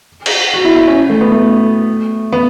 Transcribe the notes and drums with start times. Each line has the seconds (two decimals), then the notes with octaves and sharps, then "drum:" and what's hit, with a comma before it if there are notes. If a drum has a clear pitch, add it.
0.26 drum: cymbal
0.54 F#4
0.65 E4
0.75 E4
0.87 C#4
1.10 A3
1.21 B3
1.32 A3
2.33 B3